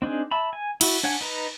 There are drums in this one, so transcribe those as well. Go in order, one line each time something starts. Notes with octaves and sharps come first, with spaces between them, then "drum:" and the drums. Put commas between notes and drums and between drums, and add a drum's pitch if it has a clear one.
C4 D4 D#4 G#4
E5 A5 B5
G#5
E4 F#4, drum: cymbal
D4 C#5 F#5 G#5
D#4 B4 A#5